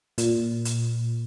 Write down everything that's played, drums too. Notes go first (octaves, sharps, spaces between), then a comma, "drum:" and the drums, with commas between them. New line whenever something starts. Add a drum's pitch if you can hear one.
A#2, drum: hi-hat
drum: hi-hat